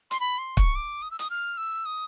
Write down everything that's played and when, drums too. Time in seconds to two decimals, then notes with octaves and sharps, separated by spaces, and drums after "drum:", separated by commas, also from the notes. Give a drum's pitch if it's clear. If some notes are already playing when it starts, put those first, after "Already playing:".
0.11 C6, drum: hi-hat
0.20 B5
0.38 C6
0.57 C#6, drum: kick
0.75 D6
1.02 D#6
1.11 E6
1.19 D#6, drum: hi-hat
1.30 F6
1.57 E6
1.86 D#6